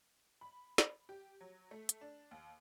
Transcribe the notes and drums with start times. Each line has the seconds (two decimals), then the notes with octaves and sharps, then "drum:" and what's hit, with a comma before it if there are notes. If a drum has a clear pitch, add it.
0.41 B5
0.78 drum: snare
1.09 G4
1.41 F#3
1.71 A3
1.89 drum: hi-hat
2.01 D4
2.31 D#2